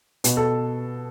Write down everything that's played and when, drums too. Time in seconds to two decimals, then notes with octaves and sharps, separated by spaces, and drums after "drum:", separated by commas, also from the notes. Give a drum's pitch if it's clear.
0.24 B2, drum: hi-hat
0.37 A4